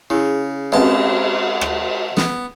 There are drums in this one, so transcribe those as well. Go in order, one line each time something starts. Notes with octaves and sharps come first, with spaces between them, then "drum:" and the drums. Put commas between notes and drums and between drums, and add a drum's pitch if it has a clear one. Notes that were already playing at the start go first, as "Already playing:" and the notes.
C#3 E4 G#4
G#3 C4 C#4 B4 A5, drum: cymbal
drum: rim click
B3, drum: snare